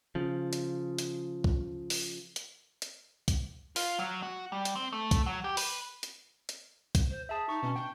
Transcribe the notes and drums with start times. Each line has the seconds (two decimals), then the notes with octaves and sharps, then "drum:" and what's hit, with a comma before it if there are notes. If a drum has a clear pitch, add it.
0.15 C#3 F3
0.53 drum: hi-hat
0.99 drum: hi-hat
1.44 drum: kick
1.90 drum: open hi-hat
2.36 drum: hi-hat
2.82 drum: hi-hat
3.28 drum: kick, hi-hat
3.76 F4, drum: open hi-hat
3.99 F#3
4.23 F#4
4.52 G3
4.65 drum: hi-hat
4.76 C4
4.93 A3
5.11 drum: kick, hi-hat
5.26 F#3
5.44 G4
5.57 B4, drum: open hi-hat
6.03 drum: hi-hat
6.49 drum: hi-hat
6.95 drum: kick, hi-hat
7.09 C5
7.29 G#4 E5 A5
7.49 D#4 C#6
7.63 B2 C#4
7.76 D4 G5